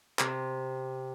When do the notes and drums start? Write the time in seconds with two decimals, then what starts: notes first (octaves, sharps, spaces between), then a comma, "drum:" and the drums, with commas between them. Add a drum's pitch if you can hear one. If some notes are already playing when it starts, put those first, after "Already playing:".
0.19 C3, drum: clap